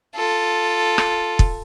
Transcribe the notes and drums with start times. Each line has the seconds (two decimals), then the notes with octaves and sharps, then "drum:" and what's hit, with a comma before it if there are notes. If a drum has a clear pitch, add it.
0.15 F4 A4
0.98 drum: rim click
1.39 drum: kick